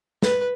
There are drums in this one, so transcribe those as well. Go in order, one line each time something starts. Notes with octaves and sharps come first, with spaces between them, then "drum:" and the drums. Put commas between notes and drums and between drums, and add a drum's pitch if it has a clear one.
B4, drum: snare